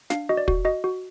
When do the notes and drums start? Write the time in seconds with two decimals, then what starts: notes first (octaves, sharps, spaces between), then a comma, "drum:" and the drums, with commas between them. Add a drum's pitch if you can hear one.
0.10 D4 F5, drum: snare
0.29 F#4 D#5
0.37 D5
0.48 F#4, drum: kick
0.65 F#4 D#5
0.84 F#4